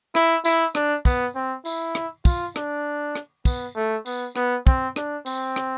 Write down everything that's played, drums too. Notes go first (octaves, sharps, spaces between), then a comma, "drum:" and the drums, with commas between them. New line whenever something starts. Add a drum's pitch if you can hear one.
E4, drum: rim click
E4, drum: tambourine
D4, drum: rim click
B3, drum: kick, tambourine
C4
E4, drum: tambourine
drum: rim click
F4, drum: kick, tambourine
D4, drum: rim click
drum: rim click
B3, drum: kick, tambourine
A3
B3, drum: tambourine
B3, drum: rim click
C4, drum: kick
D4, drum: rim click
C4, drum: tambourine
drum: rim click